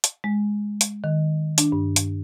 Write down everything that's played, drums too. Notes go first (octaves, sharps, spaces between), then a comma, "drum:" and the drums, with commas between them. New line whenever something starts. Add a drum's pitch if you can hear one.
drum: hi-hat
G#3
drum: hi-hat
D#3
D4, drum: hi-hat
G2
drum: hi-hat